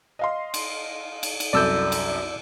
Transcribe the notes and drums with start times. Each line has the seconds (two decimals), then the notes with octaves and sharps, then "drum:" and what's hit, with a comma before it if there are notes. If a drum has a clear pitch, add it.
0.19 D#5 F5 C6
0.54 drum: cymbal
1.23 drum: cymbal
1.40 drum: cymbal
1.53 C2 F#2 A4 D5 E6 G6
1.92 drum: cymbal